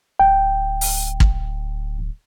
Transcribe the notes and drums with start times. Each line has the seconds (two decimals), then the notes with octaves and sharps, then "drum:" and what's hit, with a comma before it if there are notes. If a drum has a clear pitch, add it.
0.20 D1 G5
0.81 drum: open hi-hat
1.20 drum: kick